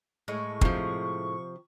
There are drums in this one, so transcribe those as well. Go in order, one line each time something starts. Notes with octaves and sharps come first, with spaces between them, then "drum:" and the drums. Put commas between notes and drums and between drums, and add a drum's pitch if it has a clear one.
A2 G#3 C#6
C3 F3, drum: kick